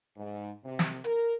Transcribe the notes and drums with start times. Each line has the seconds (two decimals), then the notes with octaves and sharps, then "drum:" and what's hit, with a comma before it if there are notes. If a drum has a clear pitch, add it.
0.17 G#2
0.64 C3
0.79 drum: snare
1.04 A#4, drum: hi-hat